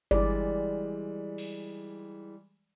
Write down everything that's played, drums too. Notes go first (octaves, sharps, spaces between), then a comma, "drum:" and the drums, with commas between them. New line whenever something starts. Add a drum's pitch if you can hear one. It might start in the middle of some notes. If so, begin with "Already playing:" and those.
E3 G3 G#3 D5, drum: kick G1
drum: cymbal